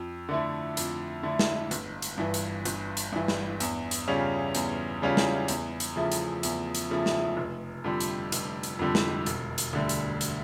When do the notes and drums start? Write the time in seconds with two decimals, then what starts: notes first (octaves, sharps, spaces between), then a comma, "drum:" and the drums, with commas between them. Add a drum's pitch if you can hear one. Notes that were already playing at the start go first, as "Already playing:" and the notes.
Already playing: F2
0.29 D3 A3 E4
0.77 F2, drum: hi-hat
1.23 D3 A3 E4
1.39 drum: snare
1.71 G1, drum: hi-hat
2.02 drum: hi-hat
2.18 G2 E3
2.34 drum: hi-hat
2.65 G1, drum: hi-hat
2.97 drum: hi-hat
3.12 G2 E3
3.28 drum: snare
3.60 E2, drum: hi-hat
3.91 drum: hi-hat
4.08 C#3 G3 C#4 F4
4.55 E2, drum: hi-hat
5.02 C#3 G3 C#4 F4
5.17 drum: snare
5.48 E2, drum: hi-hat
5.80 drum: hi-hat
5.96 C#3 F3 A3 E4
6.12 drum: hi-hat
6.43 E2, drum: hi-hat
6.75 drum: hi-hat
6.90 C#3 F3 A3 E4
7.06 drum: snare
7.37 F1
7.84 F2 D3 G3
8.00 drum: hi-hat
8.32 F1, drum: hi-hat
8.63 drum: hi-hat
8.79 F2 D3 G3
8.95 drum: snare
9.26 E1, drum: hi-hat
9.58 drum: hi-hat
9.73 D2 D3 G3
9.89 drum: hi-hat
10.21 drum: hi-hat